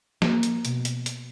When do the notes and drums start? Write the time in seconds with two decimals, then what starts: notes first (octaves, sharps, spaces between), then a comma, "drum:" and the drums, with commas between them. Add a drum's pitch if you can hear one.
0.22 A#3, drum: snare
0.43 drum: hi-hat
0.65 B2, drum: hi-hat
0.85 drum: hi-hat
1.06 drum: hi-hat